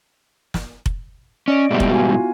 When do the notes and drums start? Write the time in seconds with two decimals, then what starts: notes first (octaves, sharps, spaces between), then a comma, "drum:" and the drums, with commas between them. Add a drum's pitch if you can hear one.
0.54 drum: snare
0.86 drum: kick F1
1.48 C#4 D5 D#5 D7
1.71 G#2 B2 G3 E5
1.80 drum: kick F1
1.91 F#4 F5 G#5
2.12 B3 E4 F4